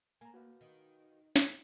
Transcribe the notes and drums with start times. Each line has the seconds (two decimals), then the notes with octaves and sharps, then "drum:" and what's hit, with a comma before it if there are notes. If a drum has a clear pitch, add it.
0.21 A#3 G#5 A#5
0.34 F#4 B4 F5
0.61 D#3
1.36 drum: snare